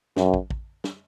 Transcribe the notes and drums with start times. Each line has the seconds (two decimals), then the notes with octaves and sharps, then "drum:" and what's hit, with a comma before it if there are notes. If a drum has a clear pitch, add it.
0.17 F#2, drum: snare
0.34 drum: kick
0.50 drum: kick
0.84 drum: snare